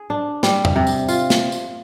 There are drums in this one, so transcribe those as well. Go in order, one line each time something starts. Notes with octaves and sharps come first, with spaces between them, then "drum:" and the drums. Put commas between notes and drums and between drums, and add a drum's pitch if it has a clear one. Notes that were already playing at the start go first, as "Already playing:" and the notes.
Already playing: G#4
D4
G3, drum: snare
drum: tom E2
C3
drum: tambourine
F4, drum: tambourine
drum: snare
drum: tambourine